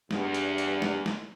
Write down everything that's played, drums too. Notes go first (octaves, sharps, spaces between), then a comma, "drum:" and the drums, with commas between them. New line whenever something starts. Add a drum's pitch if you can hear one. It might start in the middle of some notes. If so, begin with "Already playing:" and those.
E2 G2, drum: snare
drum: hi-hat
drum: hi-hat
drum: snare
drum: snare